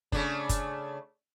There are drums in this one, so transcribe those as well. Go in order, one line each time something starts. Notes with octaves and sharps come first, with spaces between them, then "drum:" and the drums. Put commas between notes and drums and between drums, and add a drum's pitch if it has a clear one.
C#3 A3 D4, drum: kick F#1
drum: kick F#1, hi-hat